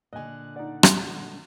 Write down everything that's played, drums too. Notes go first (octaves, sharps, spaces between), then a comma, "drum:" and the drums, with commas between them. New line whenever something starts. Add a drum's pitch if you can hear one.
A#2 D3 D#5 G#5 F#6
D#4 D5 F#5
drum: rim click